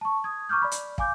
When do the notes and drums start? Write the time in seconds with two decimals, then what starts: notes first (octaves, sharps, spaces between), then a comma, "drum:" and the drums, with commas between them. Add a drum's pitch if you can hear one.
0.01 A5 C#6
0.24 D#6 G#6
0.49 A#5 C#6 D6 F6 G6
0.62 D5 B5
0.72 drum: hi-hat
0.98 F5 G#5 D6 G6, drum: kick